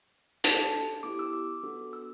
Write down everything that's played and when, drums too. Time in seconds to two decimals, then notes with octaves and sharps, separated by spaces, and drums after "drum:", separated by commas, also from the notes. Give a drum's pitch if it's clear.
0.44 D4 A4 A5, drum: hi-hat
1.03 B3 E4 G4 D6
1.19 E6
1.33 D6
1.63 B3 D4 F#4 A4
1.93 E6